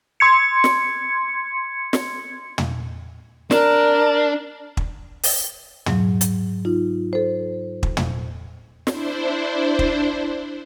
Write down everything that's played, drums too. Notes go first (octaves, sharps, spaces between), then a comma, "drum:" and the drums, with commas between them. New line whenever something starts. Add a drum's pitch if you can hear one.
C6 G#6 C#7
drum: snare
drum: snare
drum: tom
D4 A#4, drum: snare
drum: kick
drum: open hi-hat
G#2 F#3, drum: tom
drum: hi-hat
D#4 F4
A4 C5
drum: kick
drum: tom
D4 E4 C5, drum: snare
drum: kick